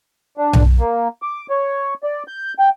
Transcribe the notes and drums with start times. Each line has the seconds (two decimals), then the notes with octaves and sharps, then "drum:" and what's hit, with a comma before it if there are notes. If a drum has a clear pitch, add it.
0.37 D4
0.53 drum: tom B1
0.79 A#3
1.22 D6
1.50 C#5
2.03 D5
2.28 G6
2.59 G5